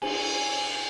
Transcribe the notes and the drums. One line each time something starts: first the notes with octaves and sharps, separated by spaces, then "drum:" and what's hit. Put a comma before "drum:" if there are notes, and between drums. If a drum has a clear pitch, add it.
G#5, drum: cymbal